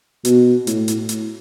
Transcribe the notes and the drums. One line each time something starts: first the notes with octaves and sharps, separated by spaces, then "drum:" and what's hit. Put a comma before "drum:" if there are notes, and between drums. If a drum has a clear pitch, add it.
B2, drum: hi-hat
A2, drum: hi-hat
drum: hi-hat
drum: hi-hat